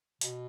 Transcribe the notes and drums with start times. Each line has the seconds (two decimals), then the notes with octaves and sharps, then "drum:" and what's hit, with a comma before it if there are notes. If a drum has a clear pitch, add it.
0.21 B2, drum: hi-hat